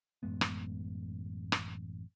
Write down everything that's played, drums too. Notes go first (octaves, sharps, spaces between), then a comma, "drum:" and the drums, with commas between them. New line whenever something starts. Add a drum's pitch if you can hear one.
A1 F#2 G#3 B3
drum: rim click
drum: rim click